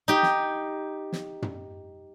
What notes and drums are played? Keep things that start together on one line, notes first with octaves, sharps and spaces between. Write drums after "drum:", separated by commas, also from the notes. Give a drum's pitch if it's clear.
D#4 G4
drum: snare
drum: snare
drum: tom